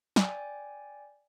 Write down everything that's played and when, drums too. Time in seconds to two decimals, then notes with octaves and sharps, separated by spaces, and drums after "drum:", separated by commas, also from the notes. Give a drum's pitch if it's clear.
0.16 D5 G5 G#5, drum: snare